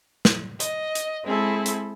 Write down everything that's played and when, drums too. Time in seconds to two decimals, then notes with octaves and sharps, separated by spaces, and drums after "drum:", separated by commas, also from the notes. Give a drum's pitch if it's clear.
0.25 drum: snare
0.60 D#5, drum: hi-hat
0.95 drum: hi-hat
1.24 G#3 C4 E4 G#4 A4
1.66 drum: hi-hat